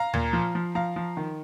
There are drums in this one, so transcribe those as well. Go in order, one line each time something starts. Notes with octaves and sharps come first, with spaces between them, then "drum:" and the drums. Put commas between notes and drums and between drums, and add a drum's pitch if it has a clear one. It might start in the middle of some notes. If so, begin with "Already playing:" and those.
Already playing: F5 A#5
A#2, drum: tom D2
F3
F3
F3 F5 A#5
F3
D#3